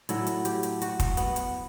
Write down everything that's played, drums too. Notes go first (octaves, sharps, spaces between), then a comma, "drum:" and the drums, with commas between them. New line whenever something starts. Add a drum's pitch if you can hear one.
A2 F#3 A3 E4, drum: hi-hat
drum: hi-hat
G4, drum: hi-hat
drum: hi-hat
F#4, drum: hi-hat
drum: kick, hi-hat
B3, drum: hi-hat
drum: hi-hat